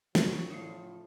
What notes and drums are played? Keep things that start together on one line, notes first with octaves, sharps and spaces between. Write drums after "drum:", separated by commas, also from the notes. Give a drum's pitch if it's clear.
F3 F#3 F4, drum: snare
A2 C#3 E3 F3 E4 F4